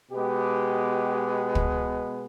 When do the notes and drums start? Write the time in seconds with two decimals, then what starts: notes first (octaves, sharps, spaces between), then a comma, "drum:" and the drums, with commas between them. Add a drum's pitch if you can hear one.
0.12 B2 G#3 B3 G4
1.55 drum: kick